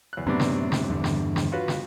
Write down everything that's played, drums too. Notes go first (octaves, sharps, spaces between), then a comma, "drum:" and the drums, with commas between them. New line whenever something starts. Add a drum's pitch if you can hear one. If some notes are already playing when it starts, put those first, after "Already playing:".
E2 F#6
F#2 A2 C3 B3 D4
drum: snare
drum: snare
E2 G2 D3
drum: snare
drum: snare
F4 F#4 B4
drum: snare